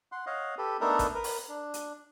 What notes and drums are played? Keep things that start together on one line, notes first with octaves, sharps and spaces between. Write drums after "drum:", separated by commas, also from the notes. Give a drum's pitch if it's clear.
F#5 C6
C#5 D#5 F5 F#5
G4 A4 B4
A3 B3 D4 D#4 A4 A#4
drum: kick G#1, hi-hat
A#4 B4
drum: open hi-hat
D4
drum: hi-hat